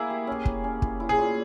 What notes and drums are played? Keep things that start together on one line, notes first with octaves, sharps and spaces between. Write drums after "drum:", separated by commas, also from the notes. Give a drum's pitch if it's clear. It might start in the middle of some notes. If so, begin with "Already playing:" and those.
Already playing: A#3 E4 G#4
G4
C#4
E4, drum: kick
C#4
E4, drum: kick
E4
G#4
A#2